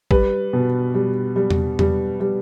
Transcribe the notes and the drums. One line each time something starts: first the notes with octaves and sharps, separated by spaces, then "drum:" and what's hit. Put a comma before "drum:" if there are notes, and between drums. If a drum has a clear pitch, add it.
G3 B4, drum: kick
B2
G3
G3
drum: tom E2
G3, drum: tom E2
G3